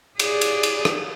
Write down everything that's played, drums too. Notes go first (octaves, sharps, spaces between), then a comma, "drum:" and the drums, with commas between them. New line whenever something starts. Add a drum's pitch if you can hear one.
G#4 D5, drum: cymbal
drum: cymbal
drum: cymbal
drum: rim click